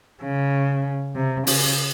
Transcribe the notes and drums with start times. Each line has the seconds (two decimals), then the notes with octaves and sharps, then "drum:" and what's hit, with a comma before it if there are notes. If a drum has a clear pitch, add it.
0.22 C#3
1.16 C3
1.47 C#3, drum: open hi-hat